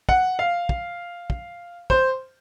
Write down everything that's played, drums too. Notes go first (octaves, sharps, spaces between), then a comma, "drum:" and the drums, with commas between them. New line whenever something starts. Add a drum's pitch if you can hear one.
F#5, drum: kick
F5
drum: kick
drum: kick
C5, drum: kick